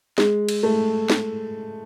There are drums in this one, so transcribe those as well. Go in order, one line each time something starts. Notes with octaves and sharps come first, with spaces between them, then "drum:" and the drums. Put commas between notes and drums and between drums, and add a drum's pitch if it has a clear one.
G#3, drum: snare
drum: cymbal
A3
drum: snare